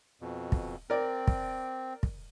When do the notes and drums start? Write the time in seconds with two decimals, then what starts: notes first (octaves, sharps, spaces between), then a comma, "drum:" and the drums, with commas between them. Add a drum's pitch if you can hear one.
0.21 F2 B2
0.52 drum: kick
0.90 C4 A#4 D5
1.27 drum: kick
2.03 drum: kick